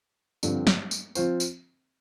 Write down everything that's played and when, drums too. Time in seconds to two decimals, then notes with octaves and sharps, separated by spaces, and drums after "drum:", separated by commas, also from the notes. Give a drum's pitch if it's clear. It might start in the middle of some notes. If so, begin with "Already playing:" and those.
0.43 G2 D3 F3 C4, drum: tambourine
0.67 drum: snare
0.91 drum: tambourine
1.15 F3 C4 F4 C5, drum: tambourine
1.40 drum: tambourine